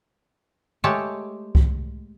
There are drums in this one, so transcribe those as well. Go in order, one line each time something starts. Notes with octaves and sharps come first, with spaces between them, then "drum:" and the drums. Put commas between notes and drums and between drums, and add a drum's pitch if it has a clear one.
G#3 A3 G4 C#5 A5
drum: kick C2